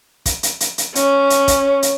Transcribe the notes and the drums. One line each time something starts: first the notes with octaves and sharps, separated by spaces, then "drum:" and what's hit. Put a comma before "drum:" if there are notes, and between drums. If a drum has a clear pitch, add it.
drum: kick, hi-hat
drum: hi-hat
drum: hi-hat
drum: hi-hat
C#4, drum: hi-hat
drum: hi-hat
drum: kick, hi-hat
drum: hi-hat